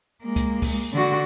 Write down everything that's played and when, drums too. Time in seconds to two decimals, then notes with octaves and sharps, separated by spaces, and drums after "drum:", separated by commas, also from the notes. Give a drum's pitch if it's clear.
0.23 G#3 A#3
0.36 drum: kick, hi-hat
0.62 drum: kick, open hi-hat
0.92 D3 F#4